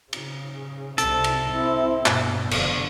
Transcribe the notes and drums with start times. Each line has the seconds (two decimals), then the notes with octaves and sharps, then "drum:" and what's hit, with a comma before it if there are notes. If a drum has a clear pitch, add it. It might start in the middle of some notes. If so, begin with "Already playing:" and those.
0.13 C#3, drum: cymbal
0.98 C2 C3 A4, drum: hi-hat
1.24 drum: cymbal
1.51 C4 E4
2.06 G2 B2, drum: clap
2.51 F1 D3, drum: cymbal